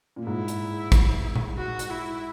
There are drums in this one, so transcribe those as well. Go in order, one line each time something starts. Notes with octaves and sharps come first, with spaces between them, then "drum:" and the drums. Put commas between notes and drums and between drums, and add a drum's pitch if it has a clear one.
A#2
G#2 E4
drum: hi-hat
drum: kick, hi-hat
drum: tom A#2
F#4
drum: hi-hat
E4